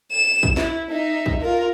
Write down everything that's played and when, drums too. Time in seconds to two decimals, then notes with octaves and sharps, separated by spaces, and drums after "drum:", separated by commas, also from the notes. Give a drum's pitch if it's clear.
0.12 E7
0.43 drum: kick
0.57 E4, drum: snare
0.90 D#4 E5
1.26 drum: kick
1.41 F4 A#4